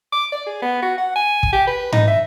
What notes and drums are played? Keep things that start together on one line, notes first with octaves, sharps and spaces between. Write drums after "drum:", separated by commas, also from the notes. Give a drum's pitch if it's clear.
D6
D5
G#4
B3
F#4
F#5
G#5
drum: kick
G4
B4
D#4, drum: tom G#2
E5